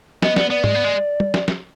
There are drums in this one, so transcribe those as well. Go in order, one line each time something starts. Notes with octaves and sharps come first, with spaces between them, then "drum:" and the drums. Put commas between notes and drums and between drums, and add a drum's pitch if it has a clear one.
B3 D#5, drum: snare
B3 D5, drum: snare
B3 D5
G#3, drum: tom G#2
B3
G#3
drum: tom
drum: snare
drum: snare